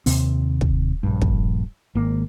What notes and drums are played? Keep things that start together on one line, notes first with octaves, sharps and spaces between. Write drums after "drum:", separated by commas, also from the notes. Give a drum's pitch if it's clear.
D#2 C3 C4, drum: open hi-hat
drum: kick
A#1 G2
drum: kick
G#1 A#3